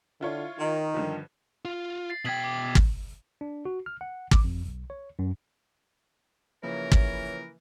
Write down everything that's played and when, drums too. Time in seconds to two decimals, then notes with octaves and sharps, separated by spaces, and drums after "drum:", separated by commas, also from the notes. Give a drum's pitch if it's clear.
0.21 D3 E4 F4 C#5
0.58 D#3 D#4
0.94 G2 D3 F3
1.65 F4
2.10 A6 C7
2.25 B2 G5 G#6 B6 F#7
2.40 D6 C7
2.75 drum: kick
3.41 D4
3.65 F#4
3.86 F6
4.01 F#5
4.31 D6, drum: kick
4.44 F2
4.66 B1
4.90 C#5
5.19 F#2
6.63 C#3 E3 F3 A#3 A#4 C#5
6.92 drum: kick